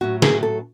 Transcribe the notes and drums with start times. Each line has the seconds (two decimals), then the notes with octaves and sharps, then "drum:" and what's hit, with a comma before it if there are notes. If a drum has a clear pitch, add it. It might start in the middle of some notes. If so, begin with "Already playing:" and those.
0.01 A2 F#3 C#4 F#4
0.22 G#4, drum: snare
0.43 A4